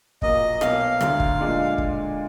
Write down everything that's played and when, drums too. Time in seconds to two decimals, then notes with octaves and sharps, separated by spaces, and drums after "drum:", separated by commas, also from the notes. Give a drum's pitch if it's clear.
0.22 A#1 A#2 F#3 A#3 D#5, drum: kick
0.61 B1 B2 A#3 F5, drum: rim click
1.01 D2 D3 F#3, drum: rim click
1.20 drum: kick
1.39 A#2 G#3 D4 F4
1.78 drum: kick